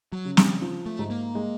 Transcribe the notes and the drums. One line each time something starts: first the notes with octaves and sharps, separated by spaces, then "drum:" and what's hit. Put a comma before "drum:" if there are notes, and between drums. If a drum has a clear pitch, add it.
F#3
C#3
G3, drum: snare
F3
A3
G#2
A#3
G#3